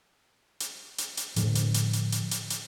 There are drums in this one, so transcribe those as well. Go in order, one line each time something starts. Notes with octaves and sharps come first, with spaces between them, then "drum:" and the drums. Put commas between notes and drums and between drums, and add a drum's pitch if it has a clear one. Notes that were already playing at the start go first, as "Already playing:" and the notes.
drum: hi-hat
drum: hi-hat
drum: hi-hat
A2 D3 F3, drum: hi-hat
drum: hi-hat
drum: hi-hat
drum: hi-hat
drum: hi-hat
drum: hi-hat
drum: hi-hat